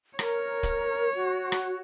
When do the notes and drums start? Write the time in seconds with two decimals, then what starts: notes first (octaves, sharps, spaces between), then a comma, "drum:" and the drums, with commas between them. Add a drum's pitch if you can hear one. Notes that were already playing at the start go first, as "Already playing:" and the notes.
0.19 A#4 C#5, drum: rim click
0.63 drum: kick, hi-hat
1.15 F#4
1.52 drum: rim click